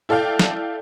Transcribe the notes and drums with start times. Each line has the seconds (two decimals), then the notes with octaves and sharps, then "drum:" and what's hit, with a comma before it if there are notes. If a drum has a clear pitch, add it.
0.09 E4 A4 D5 F5 G5
0.39 drum: snare